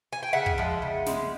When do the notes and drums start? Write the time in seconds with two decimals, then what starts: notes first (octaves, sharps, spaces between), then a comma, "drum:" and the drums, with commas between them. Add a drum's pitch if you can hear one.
0.13 G#5
0.23 G5
0.33 C#3 E5 F#5
0.46 drum: kick
0.58 F3 G#3
0.82 C#3
1.06 F3 G#3, drum: snare